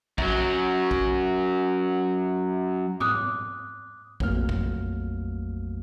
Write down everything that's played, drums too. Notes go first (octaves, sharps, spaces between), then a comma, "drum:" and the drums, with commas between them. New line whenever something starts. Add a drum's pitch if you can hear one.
F#2 F#3, drum: kick A#1
drum: kick A#1
D6 D#6 F#6, drum: tom
A#1 F2 F#3 A3 A#3 F6, drum: kick A#1
drum: kick A#1